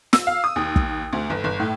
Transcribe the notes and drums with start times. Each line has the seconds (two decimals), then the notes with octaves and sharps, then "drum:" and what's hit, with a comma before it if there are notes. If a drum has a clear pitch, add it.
0.13 E6, drum: snare
0.27 F5
0.44 D#6
0.56 D#2
0.76 drum: kick
1.13 D2
1.30 G1
1.44 G1
1.60 A2